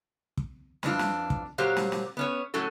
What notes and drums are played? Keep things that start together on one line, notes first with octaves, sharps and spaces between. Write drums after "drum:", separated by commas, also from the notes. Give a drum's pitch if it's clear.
drum: kick
F2 E3 D4 F4, drum: snare
drum: snare
drum: kick
A#2 F#3 G4 C5 F5
drum: snare
drum: snare
B3 C#4 C#5
A2 F#3 C#4 A4